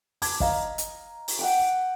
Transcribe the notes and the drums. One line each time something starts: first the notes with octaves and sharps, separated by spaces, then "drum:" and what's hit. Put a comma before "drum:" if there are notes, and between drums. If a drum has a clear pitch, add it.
A5 D6 G#6, drum: open hi-hat
D#5 F5 A#5, drum: kick
drum: hi-hat
drum: open hi-hat
F#5 G5 D6